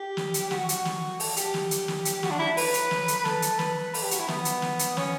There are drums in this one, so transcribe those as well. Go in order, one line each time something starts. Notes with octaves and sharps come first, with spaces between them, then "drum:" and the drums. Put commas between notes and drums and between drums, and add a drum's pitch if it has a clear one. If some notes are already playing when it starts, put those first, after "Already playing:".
Already playing: G4
drum: snare
drum: hi-hat
F#4, drum: snare
F#4, drum: hi-hat
drum: snare
A4, drum: open hi-hat
G4, drum: hi-hat
drum: snare
drum: hi-hat
drum: snare
drum: hi-hat
F#4, drum: snare
D4
E4
B4, drum: open hi-hat
drum: hi-hat
drum: snare
drum: hi-hat
A4, drum: snare
drum: hi-hat
B4, drum: snare
A4, drum: open hi-hat
G4
F#4, drum: hi-hat
E4
B3, drum: snare
drum: hi-hat
drum: snare
drum: hi-hat
C#4, drum: snare